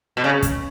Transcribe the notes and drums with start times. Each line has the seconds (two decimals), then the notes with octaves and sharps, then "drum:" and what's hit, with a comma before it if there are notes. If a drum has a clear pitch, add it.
0.17 B2
0.24 C#3
0.42 drum: kick, hi-hat